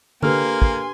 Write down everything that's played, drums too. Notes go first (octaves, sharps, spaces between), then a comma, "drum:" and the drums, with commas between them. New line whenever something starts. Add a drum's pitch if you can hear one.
A#3 D4 G4 A4 B4 G#5 C6 F6, drum: tom D3
drum: kick